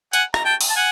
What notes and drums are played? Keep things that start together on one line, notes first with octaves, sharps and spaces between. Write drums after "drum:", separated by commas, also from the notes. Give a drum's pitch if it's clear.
F#5 G#5, drum: hi-hat
A#5, drum: rim click
G5 A5
drum: open hi-hat
A5
F#5 G#5